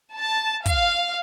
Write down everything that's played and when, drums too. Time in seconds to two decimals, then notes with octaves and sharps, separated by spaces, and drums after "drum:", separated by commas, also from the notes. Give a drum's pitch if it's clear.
0.15 A5
0.66 F5, drum: kick, hi-hat